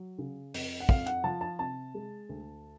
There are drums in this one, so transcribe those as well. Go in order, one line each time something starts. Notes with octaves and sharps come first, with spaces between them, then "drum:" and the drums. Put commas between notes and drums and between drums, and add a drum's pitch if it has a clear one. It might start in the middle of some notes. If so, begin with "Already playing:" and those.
Already playing: F#3
C#3
F2, drum: open hi-hat
F#5
F2 F5, drum: kick
F#5, drum: hi-hat
F3 A5
A5
C3 A5
G#3
D2